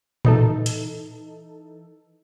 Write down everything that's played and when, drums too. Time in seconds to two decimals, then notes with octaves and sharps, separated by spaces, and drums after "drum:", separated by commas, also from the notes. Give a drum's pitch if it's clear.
0.25 E3 D#4 A4, drum: tom A2
0.66 drum: hi-hat